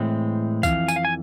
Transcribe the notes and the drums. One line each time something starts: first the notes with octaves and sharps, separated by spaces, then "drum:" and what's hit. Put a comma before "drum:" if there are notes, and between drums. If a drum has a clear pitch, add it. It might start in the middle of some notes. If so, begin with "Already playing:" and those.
Already playing: A2 E3 G#3 C4
F2 E3 F5, drum: kick, tambourine
G#5, drum: tambourine
F5
G#5